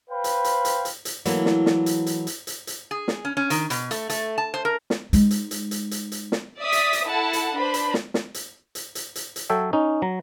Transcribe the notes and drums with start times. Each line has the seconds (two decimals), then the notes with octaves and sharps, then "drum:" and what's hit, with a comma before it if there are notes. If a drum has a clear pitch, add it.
0.10 B4 C5 F5 G5 B5
0.24 drum: hi-hat
0.44 drum: hi-hat
0.65 drum: hi-hat
0.85 drum: hi-hat
1.05 drum: hi-hat
1.25 E3 F#3 A3 A#3, drum: hi-hat
1.46 drum: snare
1.66 drum: snare
1.86 drum: hi-hat
2.06 drum: hi-hat
2.27 drum: hi-hat
2.47 drum: hi-hat
2.67 drum: hi-hat
2.91 G#4
3.08 drum: snare
3.25 C#4
3.37 C#4
3.50 D#3, drum: hi-hat
3.70 B2, drum: hi-hat
3.91 A3, drum: hi-hat
4.10 A3, drum: hi-hat
4.38 A5
4.54 C5
4.65 A#4
4.90 drum: snare
5.13 G#3 D#4, drum: hi-hat
5.31 drum: hi-hat
5.51 drum: hi-hat
5.71 drum: hi-hat
5.91 drum: hi-hat
6.12 drum: hi-hat
6.32 drum: snare
6.61 D5 E5 D#6 B6
6.72 drum: hi-hat
6.93 drum: hi-hat
7.07 E4 A4 F#5 A5
7.33 drum: hi-hat
7.57 D4 B4 C5 B5
7.74 drum: hi-hat
7.94 drum: snare
8.14 drum: snare
8.34 drum: hi-hat
8.75 drum: hi-hat
8.95 drum: hi-hat
9.15 drum: hi-hat
9.36 drum: hi-hat
9.50 F#3 A4 C#5 E5 G5
9.73 C#4 D#4
10.02 F#3 A#5